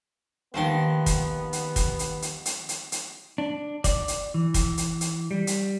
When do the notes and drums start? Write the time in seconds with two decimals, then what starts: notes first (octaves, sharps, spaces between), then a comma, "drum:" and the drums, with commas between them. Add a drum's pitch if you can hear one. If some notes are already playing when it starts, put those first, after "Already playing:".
0.54 D#2 D#3 F3 B3 C5 C6
1.06 drum: kick, hi-hat
1.53 drum: hi-hat
1.76 drum: kick, hi-hat
1.99 drum: hi-hat
2.22 drum: hi-hat
2.46 drum: hi-hat
2.69 drum: hi-hat
2.92 drum: hi-hat
3.38 D4
3.84 D5, drum: kick, hi-hat
4.08 drum: hi-hat
4.34 E3
4.54 drum: kick, hi-hat
4.78 drum: hi-hat
5.01 drum: hi-hat
5.31 G3
5.47 drum: hi-hat